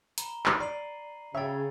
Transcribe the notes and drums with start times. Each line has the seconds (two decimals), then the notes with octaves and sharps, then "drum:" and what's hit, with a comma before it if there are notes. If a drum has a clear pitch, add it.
0.18 A#5 B5 G7, drum: hi-hat
0.46 drum: clap
0.60 D5 C7 D#7 F#7
1.35 C#3 C#5 E5 G5 B5 A6